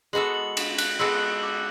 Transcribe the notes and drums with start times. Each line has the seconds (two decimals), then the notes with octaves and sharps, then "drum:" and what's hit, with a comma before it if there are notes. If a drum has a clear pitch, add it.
0.13 G#3 B3 F#4 A4 F#7
0.34 F#7
0.57 E7, drum: cymbal
0.78 F#6, drum: cymbal
0.99 G#3 B3 F#4 A4 E6
1.43 D6